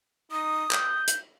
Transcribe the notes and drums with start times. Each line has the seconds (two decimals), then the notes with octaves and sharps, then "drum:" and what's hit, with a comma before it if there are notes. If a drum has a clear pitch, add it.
0.32 D#4 D#6
0.71 G6, drum: clap
1.08 drum: hi-hat